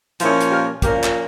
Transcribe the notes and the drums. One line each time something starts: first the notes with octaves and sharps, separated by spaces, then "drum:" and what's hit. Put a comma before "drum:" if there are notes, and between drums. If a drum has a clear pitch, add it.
A#2 F3 A#3 C#4 E4, drum: hi-hat
drum: hi-hat
G4 A#4
A#2 F3 A#3 C#4 G4 A#4, drum: kick, hi-hat
drum: clap